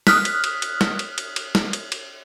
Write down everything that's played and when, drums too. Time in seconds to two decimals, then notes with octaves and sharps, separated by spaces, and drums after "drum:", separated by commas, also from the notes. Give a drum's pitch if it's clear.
0.07 D#6 F6 F#6 B6, drum: snare
0.25 drum: cymbal
0.44 drum: cymbal
0.62 drum: cymbal
0.81 drum: snare
0.99 drum: cymbal
1.18 drum: cymbal
1.36 drum: cymbal
1.55 drum: snare
1.73 drum: cymbal
1.92 drum: cymbal